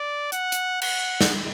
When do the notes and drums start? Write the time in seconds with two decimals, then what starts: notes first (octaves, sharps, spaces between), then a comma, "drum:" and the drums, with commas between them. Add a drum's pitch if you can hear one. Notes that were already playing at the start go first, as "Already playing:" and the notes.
Already playing: D5
0.32 F#5, drum: hi-hat
0.52 drum: hi-hat
0.81 F#5, drum: cymbal
1.21 drum: snare